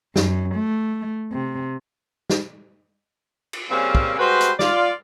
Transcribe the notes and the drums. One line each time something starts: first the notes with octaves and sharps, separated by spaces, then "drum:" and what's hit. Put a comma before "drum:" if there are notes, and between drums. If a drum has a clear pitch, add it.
F#2, drum: snare
A3
C3
drum: snare
drum: cymbal
C#3 G3 A#3 C4 C#4
drum: kick
G3 G#3 F#4 B4 C5
drum: hi-hat
F4 D5, drum: snare